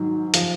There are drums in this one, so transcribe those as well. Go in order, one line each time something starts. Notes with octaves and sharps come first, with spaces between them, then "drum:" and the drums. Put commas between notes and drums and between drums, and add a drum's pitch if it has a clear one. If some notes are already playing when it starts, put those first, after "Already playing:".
Already playing: G#2 D#3 F#3
F3, drum: hi-hat